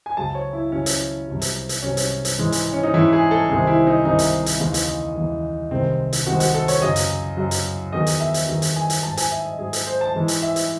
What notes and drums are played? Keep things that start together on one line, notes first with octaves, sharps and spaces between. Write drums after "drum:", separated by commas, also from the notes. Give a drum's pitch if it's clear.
G#5
C#2 C#3 F#3 A5
C#5
E4
C#2 C#3 F#3 C#4
drum: hi-hat
C2 C3 F#3
drum: hi-hat
drum: hi-hat
C2 C3 F#3 C#4
drum: hi-hat
drum: hi-hat
G#2 E3 G#3
drum: hi-hat
C#4
D#4
G#2 E3 G#3 E4
G#4
A4
C2 C3 D#3 G#3 G#4
E4
D#4
C2 C3 D#3 G#3 D#4
drum: hi-hat
drum: hi-hat
D#2 C#3 E3 G#3
drum: hi-hat
D#2 C#3 E3 G#3
C2 C3 D#3 G#3 C4
drum: hi-hat
C2 C3 D#3 G#3 F#4
F#4, drum: hi-hat
A4
C#5, drum: hi-hat
F#2 C#3 F#3 D#5
drum: hi-hat
F#2 C#3 F#3
drum: hi-hat
E2 D#3 F#3 D#5
drum: hi-hat
E5
drum: hi-hat
E2 D#3 F#3
drum: hi-hat
G#5
drum: hi-hat
G#2 F#3 A5
G#5, drum: hi-hat
E5
D#5
G#2 F#3 G#4
A4, drum: hi-hat
C5
A5
G#2 E3 G#3
drum: hi-hat
E5
drum: hi-hat